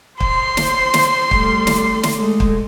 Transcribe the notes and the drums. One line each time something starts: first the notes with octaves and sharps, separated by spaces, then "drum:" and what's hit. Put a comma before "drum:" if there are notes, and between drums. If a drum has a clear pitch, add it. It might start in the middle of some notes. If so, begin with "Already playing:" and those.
C5 C6, drum: kick
drum: snare
drum: snare
G3 A3, drum: kick
drum: snare
drum: snare
G#3 A3
drum: kick